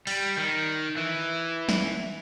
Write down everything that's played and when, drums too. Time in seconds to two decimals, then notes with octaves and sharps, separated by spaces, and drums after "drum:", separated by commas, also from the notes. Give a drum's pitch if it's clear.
0.07 G3, drum: open hi-hat
0.37 D#3
0.97 E3
1.69 drum: snare